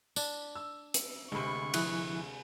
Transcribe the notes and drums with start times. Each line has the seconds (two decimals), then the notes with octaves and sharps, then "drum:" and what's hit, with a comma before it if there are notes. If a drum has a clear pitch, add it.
0.16 D4, drum: tambourine
0.55 E6
0.94 drum: hi-hat
1.32 D2 C3 G#3 B5 C#6
1.74 F3 E4 G#4 F#6, drum: cymbal